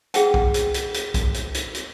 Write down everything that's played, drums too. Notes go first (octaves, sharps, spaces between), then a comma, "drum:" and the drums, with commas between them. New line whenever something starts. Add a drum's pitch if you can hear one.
G#4 F#5 G5, drum: hi-hat
drum: kick B1
drum: hi-hat
drum: hi-hat
drum: hi-hat
drum: kick B1, hi-hat
drum: hi-hat
drum: hi-hat
drum: hi-hat